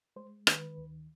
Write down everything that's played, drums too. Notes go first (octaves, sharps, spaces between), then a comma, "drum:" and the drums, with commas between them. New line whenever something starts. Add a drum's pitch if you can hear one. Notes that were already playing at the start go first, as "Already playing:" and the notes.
G#3 C5
D#3 B4, drum: rim click
D2